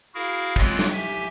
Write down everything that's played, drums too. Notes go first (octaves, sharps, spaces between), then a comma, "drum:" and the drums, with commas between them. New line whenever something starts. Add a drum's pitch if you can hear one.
E4 F#4 G#4 A#4 F5
E3 F#3 G#3 B3 C4 F4, drum: kick
drum: snare
G4 E5 G#5